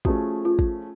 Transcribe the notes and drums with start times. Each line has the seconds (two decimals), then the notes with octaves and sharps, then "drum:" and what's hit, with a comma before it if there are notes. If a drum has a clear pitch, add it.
0.05 F3 A3 C#4 F#4 G#4, drum: kick
0.45 F4
0.59 drum: kick